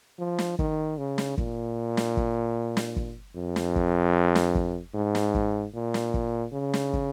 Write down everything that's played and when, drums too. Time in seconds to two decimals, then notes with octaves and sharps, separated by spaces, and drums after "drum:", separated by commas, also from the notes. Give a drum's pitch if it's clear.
0.19 F3
0.38 drum: snare
0.59 D#3, drum: kick
0.98 C#3
1.18 drum: snare
1.38 A#2, drum: kick
1.97 drum: snare
2.17 drum: kick
2.77 drum: snare
2.96 drum: kick
3.36 F2
3.56 drum: snare
3.76 drum: kick
4.35 drum: snare
4.55 drum: kick
4.94 G#2
5.15 drum: snare
5.35 drum: kick
5.74 A#2
5.94 drum: snare
6.14 drum: kick
6.53 C#3
6.73 drum: snare
6.93 drum: kick